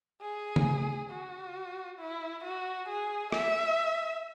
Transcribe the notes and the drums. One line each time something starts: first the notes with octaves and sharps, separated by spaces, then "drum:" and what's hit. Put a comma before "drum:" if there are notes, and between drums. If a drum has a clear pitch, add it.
G#4
drum: tom C#3
F#4
E4
F#4
G#4
E5, drum: rim click